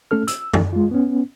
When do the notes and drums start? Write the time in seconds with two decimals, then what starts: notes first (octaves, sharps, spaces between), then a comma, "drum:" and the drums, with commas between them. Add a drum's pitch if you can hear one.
0.11 A3 C#4 A4 F6
0.28 E6, drum: hi-hat
0.54 drum: tom
0.73 G#3 F4
0.91 B3 C#4